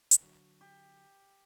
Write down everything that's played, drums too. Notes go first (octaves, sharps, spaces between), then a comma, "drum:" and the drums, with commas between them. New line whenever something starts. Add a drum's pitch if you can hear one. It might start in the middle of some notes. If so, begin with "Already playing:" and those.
drum: hi-hat
D3 F#3
G4